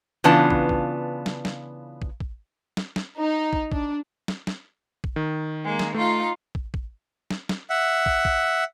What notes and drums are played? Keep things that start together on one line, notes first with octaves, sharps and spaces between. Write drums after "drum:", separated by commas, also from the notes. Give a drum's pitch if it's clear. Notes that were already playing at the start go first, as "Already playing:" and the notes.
C#3 E3 B3 D4 F4 A5
drum: kick
drum: kick
drum: snare
drum: snare
drum: kick
drum: kick
drum: snare
drum: snare
D#4
drum: kick
D4, drum: kick
drum: snare
drum: snare
drum: kick
D#3
G#3 A#3
drum: snare
A3 D#4 F4 F5
drum: kick
drum: kick
drum: snare
drum: snare
E5 F#5
drum: kick
drum: kick